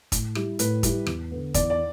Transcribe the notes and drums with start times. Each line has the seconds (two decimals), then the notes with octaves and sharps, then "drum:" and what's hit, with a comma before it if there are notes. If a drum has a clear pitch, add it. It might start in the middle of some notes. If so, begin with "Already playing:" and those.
0.12 A2, drum: kick, hi-hat
0.35 G3 E4 G4, drum: rim click
0.59 A2 B4, drum: hi-hat
0.83 G3 E4 G4, drum: kick, hi-hat
1.07 E2, drum: rim click
1.31 D3 B3
1.54 E2 D5, drum: kick, hi-hat
1.70 D5